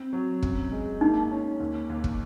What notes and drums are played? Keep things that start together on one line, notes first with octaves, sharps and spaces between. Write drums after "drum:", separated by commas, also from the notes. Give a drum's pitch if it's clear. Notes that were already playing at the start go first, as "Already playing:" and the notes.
Already playing: C4
F#3
F#2, drum: kick
G#3
A#3 D#4
C#4
D#2
D#2
drum: kick